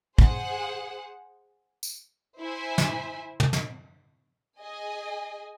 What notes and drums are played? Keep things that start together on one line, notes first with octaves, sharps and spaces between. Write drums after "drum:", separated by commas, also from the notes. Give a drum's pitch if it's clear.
G#4 C5 F#5, drum: kick
drum: tambourine
E4 C5 E5 G#5
drum: snare
drum: tom
drum: snare
G#4 D#5 G#5